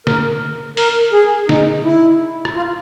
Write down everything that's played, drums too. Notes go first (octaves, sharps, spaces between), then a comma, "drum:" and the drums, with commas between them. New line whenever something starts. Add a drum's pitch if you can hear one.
A#4, drum: snare
A#4, drum: open hi-hat
G#4
D#4, drum: snare
E4
drum: rim click
F4